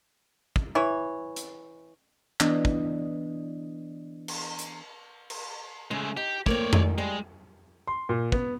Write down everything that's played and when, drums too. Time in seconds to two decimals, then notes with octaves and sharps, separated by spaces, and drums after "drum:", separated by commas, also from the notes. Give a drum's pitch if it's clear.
0.56 drum: kick
0.75 E3 E4 C#5
1.36 drum: hi-hat
2.40 E3 B3 D4 D#5, drum: clap
2.65 drum: kick
4.28 drum: cymbal
4.59 drum: hi-hat
5.30 drum: cymbal
5.91 C#3 G#3 A3
6.17 D#4 G4
6.46 A3 A#3 C4 C#5 D5, drum: kick
6.73 G#2 D#3, drum: tom F2
6.98 G3 G#3
7.87 C6
8.09 A#2
8.32 B3, drum: kick